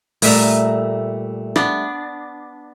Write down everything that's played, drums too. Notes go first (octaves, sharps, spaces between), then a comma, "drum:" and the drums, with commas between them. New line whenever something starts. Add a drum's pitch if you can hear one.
A#2 G3 A3 E5 A#5, drum: open hi-hat
B3 D4, drum: rim click